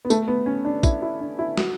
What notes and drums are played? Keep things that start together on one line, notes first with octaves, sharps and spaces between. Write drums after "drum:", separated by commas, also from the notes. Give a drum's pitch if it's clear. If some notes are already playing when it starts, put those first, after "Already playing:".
B3
A3, drum: tambourine
B3
C#4
D4
E4, drum: kick, tambourine
E4
D4
E4
F#4, drum: snare